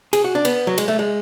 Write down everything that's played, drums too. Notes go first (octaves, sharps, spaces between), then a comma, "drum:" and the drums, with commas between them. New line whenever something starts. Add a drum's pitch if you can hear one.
G#4, drum: cymbal
F#4
D4
B3, drum: cymbal
F#3
G#3, drum: cymbal
A3
G#3